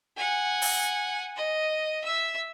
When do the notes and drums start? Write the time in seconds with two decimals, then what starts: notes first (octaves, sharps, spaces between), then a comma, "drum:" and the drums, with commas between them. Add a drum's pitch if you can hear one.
0.17 F#5 G#5
0.62 drum: open hi-hat
1.36 D#5
2.04 E5 E6